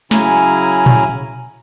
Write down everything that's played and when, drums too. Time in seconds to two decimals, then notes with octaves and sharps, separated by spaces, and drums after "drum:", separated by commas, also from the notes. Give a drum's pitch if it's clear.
0.11 C#3 F#3 C#4 E4 G#5 A#5, drum: snare
0.86 drum: tom A#2